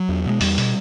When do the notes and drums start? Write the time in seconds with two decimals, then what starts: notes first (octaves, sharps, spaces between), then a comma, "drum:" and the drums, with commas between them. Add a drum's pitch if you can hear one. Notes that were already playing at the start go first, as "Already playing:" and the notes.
Already playing: F#3
0.09 E2
0.26 B2 G#3
0.41 E2 G3, drum: open hi-hat
0.58 B2, drum: open hi-hat